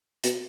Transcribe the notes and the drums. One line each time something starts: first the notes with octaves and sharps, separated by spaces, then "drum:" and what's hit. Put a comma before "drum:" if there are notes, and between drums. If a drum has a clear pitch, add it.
B2, drum: hi-hat